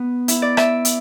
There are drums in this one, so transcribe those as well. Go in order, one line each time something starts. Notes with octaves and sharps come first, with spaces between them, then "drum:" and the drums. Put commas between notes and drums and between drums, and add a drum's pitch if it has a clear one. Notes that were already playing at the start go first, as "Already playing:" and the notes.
Already playing: B3
E4, drum: hi-hat
D5
E5, drum: rim click
drum: hi-hat